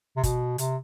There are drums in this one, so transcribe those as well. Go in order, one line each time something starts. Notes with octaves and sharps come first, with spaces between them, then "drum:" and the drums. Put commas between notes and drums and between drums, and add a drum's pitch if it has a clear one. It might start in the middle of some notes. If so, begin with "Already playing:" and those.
C3
B2, drum: kick, hi-hat
C3, drum: hi-hat